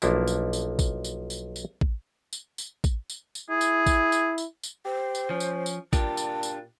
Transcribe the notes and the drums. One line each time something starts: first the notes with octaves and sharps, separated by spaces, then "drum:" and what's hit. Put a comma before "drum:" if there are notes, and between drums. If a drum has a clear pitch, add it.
B1 F3 A#3 D4 E4, drum: tambourine
drum: tambourine
drum: tambourine
drum: kick A1, tambourine
drum: tambourine
drum: tambourine
drum: tambourine
drum: kick A1
drum: tambourine
drum: tambourine
drum: kick A1, tambourine
drum: tambourine
drum: tambourine
E4 G#4
drum: tambourine
drum: kick A1, tambourine
drum: tambourine
drum: tambourine
drum: tambourine
G4 C5
drum: tambourine
F3 C#4
drum: tambourine
drum: tambourine
A#2 D4 F4 G4 A5, drum: kick A1, tambourine
drum: tambourine
drum: tambourine